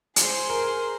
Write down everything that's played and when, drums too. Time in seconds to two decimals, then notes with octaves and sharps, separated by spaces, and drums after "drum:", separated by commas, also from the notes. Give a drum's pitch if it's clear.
0.16 G#4 C5, drum: hi-hat
0.50 A#4